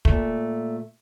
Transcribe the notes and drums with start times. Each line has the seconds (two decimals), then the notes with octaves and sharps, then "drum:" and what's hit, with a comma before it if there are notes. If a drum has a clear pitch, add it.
0.05 A#2 A3, drum: kick